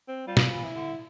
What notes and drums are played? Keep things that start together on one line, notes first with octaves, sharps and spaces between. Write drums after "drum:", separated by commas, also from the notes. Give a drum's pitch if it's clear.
C4
G3 F4
drum: snare
E3
E4
D3